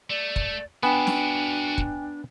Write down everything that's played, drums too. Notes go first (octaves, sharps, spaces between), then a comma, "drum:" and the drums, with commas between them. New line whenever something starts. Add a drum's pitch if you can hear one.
A3 D5
drum: kick
B3 D4 F#4 E5 G5 G#5
drum: snare
drum: kick